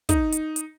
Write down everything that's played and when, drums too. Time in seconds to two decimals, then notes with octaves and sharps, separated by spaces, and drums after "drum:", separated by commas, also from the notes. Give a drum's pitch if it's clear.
0.09 D#4, drum: kick, hi-hat
0.32 drum: hi-hat
0.56 drum: hi-hat